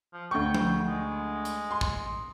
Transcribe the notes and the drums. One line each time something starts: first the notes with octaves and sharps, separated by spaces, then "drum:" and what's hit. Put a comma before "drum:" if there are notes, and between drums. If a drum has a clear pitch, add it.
F3
D2 G5 C#6
drum: tom F3
G#3
drum: hi-hat
C6
drum: kick